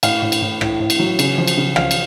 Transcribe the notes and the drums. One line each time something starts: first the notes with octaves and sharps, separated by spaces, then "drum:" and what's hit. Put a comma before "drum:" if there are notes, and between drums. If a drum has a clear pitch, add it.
A2 F5, drum: cymbal
A2
drum: cymbal
A2
A2, drum: rim click
A2
drum: cymbal
F#3
C#3, drum: cymbal
F3
drum: cymbal
C#3
F3 F5, drum: rim click
drum: cymbal